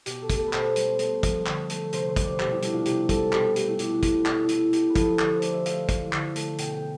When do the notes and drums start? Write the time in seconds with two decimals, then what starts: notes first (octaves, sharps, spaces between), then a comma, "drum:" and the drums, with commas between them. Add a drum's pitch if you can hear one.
0.06 B2 G4, drum: hi-hat
0.22 A4
0.30 A3, drum: kick, hi-hat
0.37 A4
0.47 B4
0.53 B2 C5, drum: clap
0.76 G3, drum: hi-hat
0.99 A3, drum: hi-hat
1.23 F3, drum: kick, hi-hat
1.46 D3, drum: clap
1.70 A3, drum: hi-hat
1.93 C3 C5, drum: hi-hat
2.09 C5
2.16 G3, drum: kick, hi-hat
2.24 D5
2.40 B2 G4, drum: clap
2.51 E4
2.62 G3 D4, drum: hi-hat
2.74 F4
2.85 C3 G4, drum: hi-hat
3.09 G3 A4, drum: kick, hi-hat
3.33 B2 G4, drum: clap
3.44 B4
3.56 A3 G4, drum: hi-hat
3.68 E4
3.79 B2 D4, drum: hi-hat
4.03 A3, drum: kick, hi-hat
4.25 B2 E4, drum: clap
4.49 A3 E4, drum: hi-hat
4.73 A3 G4, drum: hi-hat
4.90 B4
4.96 F3 A4, drum: kick, hi-hat
5.19 D3 B4, drum: clap
5.30 C5
5.42 A3 D5, drum: hi-hat
5.53 E5
5.66 A3 F5, drum: hi-hat
5.89 E3, drum: kick, hi-hat
6.13 D3, drum: clap
6.36 A3, drum: hi-hat
6.58 B2 G5, drum: hi-hat
6.74 G5